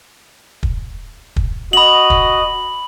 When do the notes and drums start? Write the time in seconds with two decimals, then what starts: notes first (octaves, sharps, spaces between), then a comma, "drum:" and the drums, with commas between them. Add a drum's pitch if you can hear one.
0.63 drum: kick
1.36 drum: kick
1.73 F#4 D#5 B5 F#7
2.10 drum: kick